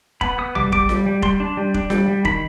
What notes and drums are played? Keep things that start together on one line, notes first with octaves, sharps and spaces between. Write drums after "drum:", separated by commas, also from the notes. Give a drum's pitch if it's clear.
B3 B5, drum: kick F1
B3 D#6
G3 D6, drum: tom A#1
G3 D6, drum: kick F1
G3, drum: snare F4
G3
G3 C6, drum: kick F1
D4
G3
D4, drum: kick F1
G3, drum: snare F4
G3
D#3 B5, drum: kick F1